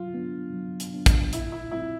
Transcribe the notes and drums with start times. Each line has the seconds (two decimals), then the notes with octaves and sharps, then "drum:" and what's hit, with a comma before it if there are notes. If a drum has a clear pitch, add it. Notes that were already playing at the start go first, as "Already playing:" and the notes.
Already playing: F#3 F4
0.14 B3 D4
0.53 F#3
0.80 drum: hi-hat
0.94 B3 D4
1.06 drum: kick, hi-hat
1.33 A#2 E4, drum: hi-hat
1.52 E4
1.71 G3 C4 E4 F4